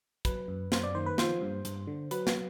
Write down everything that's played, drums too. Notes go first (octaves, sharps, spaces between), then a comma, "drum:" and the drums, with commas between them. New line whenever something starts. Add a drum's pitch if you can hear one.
F#3 B4, drum: kick, hi-hat
F#2
F#2 C5, drum: snare
D5
D#3 C5
B4
F3 C5, drum: snare
G2
G2, drum: hi-hat
D3
F#3 B4, drum: hi-hat
drum: snare